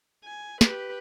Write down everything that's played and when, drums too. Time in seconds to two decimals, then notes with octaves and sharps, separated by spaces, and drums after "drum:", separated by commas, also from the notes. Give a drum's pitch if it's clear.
0.24 G#5
0.61 G4 B4, drum: snare